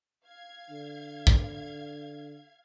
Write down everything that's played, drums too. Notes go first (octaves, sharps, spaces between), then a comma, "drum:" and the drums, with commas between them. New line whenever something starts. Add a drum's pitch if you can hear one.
F5 G#6
D3
drum: kick